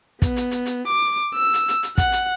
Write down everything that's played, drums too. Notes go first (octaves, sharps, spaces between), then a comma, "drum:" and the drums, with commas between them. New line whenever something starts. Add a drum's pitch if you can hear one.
B3, drum: kick, hi-hat
drum: hi-hat
drum: hi-hat
drum: hi-hat
D6
E6
drum: hi-hat
drum: hi-hat
drum: hi-hat
F#5, drum: kick, hi-hat
drum: hi-hat